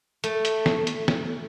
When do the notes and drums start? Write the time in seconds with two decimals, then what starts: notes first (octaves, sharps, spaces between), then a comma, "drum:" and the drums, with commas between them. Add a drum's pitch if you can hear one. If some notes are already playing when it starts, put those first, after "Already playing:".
0.24 A3, drum: hi-hat
0.45 drum: hi-hat
0.66 drum: snare
0.87 drum: hi-hat
1.08 drum: snare